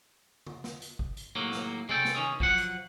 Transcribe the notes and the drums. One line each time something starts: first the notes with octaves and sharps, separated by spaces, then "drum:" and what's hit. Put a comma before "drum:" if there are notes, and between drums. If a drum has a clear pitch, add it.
drum: tom C#3
drum: snare
drum: hi-hat
drum: kick
drum: hi-hat
D#2 A2 F#3 A#3
drum: snare
G#3 C#4 A4 G5, drum: tom C3
drum: snare
D#3 C#4 G#4
F3 F#3 F#5, drum: kick
drum: hi-hat